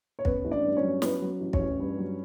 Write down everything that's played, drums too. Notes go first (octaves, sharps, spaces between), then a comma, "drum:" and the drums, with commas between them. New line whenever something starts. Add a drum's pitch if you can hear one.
C#5
B3 C#4 B4, drum: kick
A1
D4 D5
G2
C#4 C#5
F#3
B3 C#4 B4, drum: snare
F#3
A1
C#4 C#5, drum: kick
A1
G2
F#3